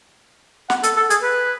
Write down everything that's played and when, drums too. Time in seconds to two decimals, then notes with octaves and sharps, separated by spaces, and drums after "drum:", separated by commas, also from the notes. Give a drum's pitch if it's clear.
0.70 F#5, drum: snare
0.83 A4, drum: hi-hat
0.96 A4
1.10 G#4, drum: hi-hat
1.23 B4